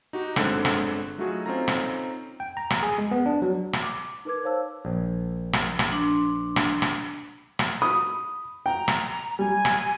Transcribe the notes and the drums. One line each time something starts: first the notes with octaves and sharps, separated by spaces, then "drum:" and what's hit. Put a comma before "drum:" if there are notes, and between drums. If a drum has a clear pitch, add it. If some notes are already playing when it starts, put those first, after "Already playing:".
D#4 F#4 G4
G1 D3 G#3 C4 A4 F#6, drum: rim click
drum: rim click
F#3 A3 D#4 F4 F#4 G#4
C4 C#4 D#4 F4 A4 A#5
drum: rim click
G5
A#5
drum: rim click
G#4
G#3
B3
D4
F#3
drum: rim click
D6
D#4 A#4 B4 D6 G#6
C5 C#5 F5 A5 E6
A#1
drum: rim click
drum: rim click
D4 C6
drum: rim click
drum: rim click
drum: rim click
B5 D#6
G5 A#5
drum: rim click
G3 G#5
drum: rim click